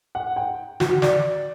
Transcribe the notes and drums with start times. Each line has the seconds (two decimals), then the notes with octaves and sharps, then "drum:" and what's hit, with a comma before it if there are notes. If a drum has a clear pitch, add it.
0.15 F#5
0.36 G5
0.80 F#4, drum: snare
1.02 D5, drum: snare